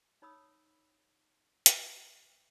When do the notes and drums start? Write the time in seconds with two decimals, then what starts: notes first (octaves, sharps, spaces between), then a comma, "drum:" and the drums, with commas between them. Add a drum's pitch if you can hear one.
0.22 D#4 C#5 B5 D#6 E6
1.66 drum: hi-hat